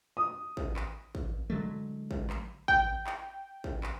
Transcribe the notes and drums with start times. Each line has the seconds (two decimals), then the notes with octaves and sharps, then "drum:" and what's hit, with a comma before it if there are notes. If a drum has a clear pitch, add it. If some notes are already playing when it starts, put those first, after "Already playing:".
0.17 D#6
0.57 drum: kick
0.76 drum: clap
1.15 drum: kick
1.50 D3 F#3 G#3 A3
2.11 drum: kick
2.30 drum: clap
2.68 G5, drum: kick
3.07 drum: clap
3.64 drum: kick
3.83 drum: clap